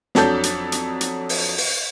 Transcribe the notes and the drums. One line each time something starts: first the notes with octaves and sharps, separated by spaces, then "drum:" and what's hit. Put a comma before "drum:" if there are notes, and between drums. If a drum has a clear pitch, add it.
F2 F#3 D4 A4 G6, drum: snare
drum: hi-hat
drum: hi-hat
drum: hi-hat
drum: open hi-hat
drum: open hi-hat